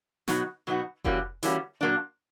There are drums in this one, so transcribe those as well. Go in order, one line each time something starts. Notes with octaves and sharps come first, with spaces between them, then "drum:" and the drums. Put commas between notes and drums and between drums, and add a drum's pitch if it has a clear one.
B2 F#3 B3 D#4 F#4, drum: snare
B2 F#3 B3 D#4 F#4
E3 G3 A#3 C#4 F#4, drum: kick F1
E3 G3 A#3 C#4 F#4, drum: hi-hat
A#2 F#3 A#3 D4